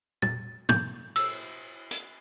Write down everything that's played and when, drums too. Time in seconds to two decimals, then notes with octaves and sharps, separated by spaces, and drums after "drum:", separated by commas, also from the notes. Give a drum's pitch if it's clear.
0.22 A6, drum: tom
0.69 G6, drum: tom
1.16 E6, drum: cymbal
1.91 drum: hi-hat